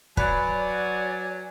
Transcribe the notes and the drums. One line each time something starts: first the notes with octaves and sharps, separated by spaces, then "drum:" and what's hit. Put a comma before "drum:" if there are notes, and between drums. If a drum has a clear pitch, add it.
F#3 B4 D5 G#5, drum: kick